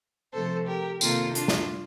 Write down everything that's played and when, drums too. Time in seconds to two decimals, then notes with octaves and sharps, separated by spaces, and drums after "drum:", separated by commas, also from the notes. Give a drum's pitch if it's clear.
0.32 C3 F3 A3 A4 C5
0.66 G4 A#4
1.01 C3 D#3 A#3 F4 A4, drum: tambourine
1.35 D4 F4, drum: hi-hat
1.48 drum: snare